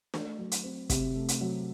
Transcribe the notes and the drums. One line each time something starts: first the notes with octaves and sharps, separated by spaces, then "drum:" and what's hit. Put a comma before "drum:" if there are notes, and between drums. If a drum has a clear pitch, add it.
A3, drum: snare
F#3
drum: hi-hat
C4
C3, drum: kick, hi-hat
A3
drum: hi-hat
F#3